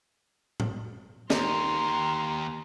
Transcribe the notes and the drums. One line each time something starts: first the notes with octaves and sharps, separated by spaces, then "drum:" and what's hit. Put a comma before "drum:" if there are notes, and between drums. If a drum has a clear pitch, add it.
drum: tom A2
D#2 A#5 C6, drum: snare